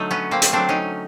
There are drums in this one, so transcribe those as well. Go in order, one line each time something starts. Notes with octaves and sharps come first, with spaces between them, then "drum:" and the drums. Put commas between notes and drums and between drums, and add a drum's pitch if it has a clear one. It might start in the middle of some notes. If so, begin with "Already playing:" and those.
Already playing: D3 F#3 A3 D#4
B3 C#4
A#3 C4
drum: hi-hat
D3 F#3 A3 C4 D4
C#4 D#4